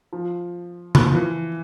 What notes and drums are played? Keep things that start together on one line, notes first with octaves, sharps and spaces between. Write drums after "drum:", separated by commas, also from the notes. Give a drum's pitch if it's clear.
F3
drum: tom C#3
F3
E3